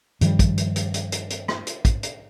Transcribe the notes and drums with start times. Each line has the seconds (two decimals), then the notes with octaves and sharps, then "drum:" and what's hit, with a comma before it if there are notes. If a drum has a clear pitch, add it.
0.21 G2 D#3 F3 G3, drum: hi-hat
0.39 drum: kick, hi-hat
0.58 drum: hi-hat
0.76 drum: hi-hat
0.94 drum: hi-hat
1.12 drum: hi-hat
1.30 drum: hi-hat
1.48 drum: rim click
1.67 drum: hi-hat
1.85 drum: kick, hi-hat
2.03 drum: hi-hat